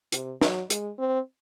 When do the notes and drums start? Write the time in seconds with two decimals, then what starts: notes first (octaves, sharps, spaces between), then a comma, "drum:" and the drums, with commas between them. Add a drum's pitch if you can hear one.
0.12 C3, drum: hi-hat
0.41 F#3, drum: snare
0.70 G#3, drum: hi-hat
0.99 C4